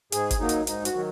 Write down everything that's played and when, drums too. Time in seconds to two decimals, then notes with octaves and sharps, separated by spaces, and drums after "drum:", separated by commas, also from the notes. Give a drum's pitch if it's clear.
0.12 G#2 G#4, drum: hi-hat
0.31 drum: kick G1, hi-hat
0.40 F#3 A#3 D#4
0.49 drum: hi-hat
0.67 G#2 D#4, drum: hi-hat
0.85 F#4, drum: hi-hat
0.95 D#3 F#3